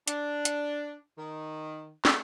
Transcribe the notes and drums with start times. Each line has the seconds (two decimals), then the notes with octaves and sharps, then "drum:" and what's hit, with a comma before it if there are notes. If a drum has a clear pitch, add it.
0.08 D4, drum: hi-hat
0.45 drum: hi-hat
1.18 D#3
2.05 A3, drum: snare